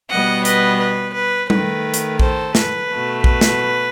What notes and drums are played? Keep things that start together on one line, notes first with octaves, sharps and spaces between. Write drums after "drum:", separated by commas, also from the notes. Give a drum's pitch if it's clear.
B2 G3 B3 D#5 F#5
B4 D#5, drum: hi-hat
B4
B4
D#3 A3 B4, drum: tom G3
drum: hi-hat
A4 C5, drum: kick A#1
B4, drum: snare
B2 A3
B4, drum: kick A#1
drum: snare